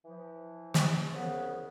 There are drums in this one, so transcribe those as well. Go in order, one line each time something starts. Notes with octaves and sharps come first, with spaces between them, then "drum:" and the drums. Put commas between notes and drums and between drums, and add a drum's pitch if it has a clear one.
E3 F3
drum: snare
C2 C#3 B3